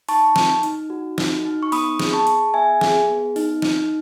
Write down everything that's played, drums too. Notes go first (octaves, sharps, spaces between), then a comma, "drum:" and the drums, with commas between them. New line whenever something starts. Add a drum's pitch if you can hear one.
D#4 A5 C#6, drum: open hi-hat
D#4, drum: snare
D#4, drum: hi-hat
F#4
D#4, drum: snare
D#4
C#6
B3 B5 D#6, drum: open hi-hat
G#4, drum: snare
A5 C#6
G#4, drum: hi-hat
B3 E5 G#5
G#4, drum: snare
B3
D#4, drum: open hi-hat
D#4, drum: snare